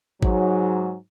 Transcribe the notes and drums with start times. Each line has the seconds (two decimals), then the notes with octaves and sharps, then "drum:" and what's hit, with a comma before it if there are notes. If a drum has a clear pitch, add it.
0.23 G#2 F#3, drum: kick G#1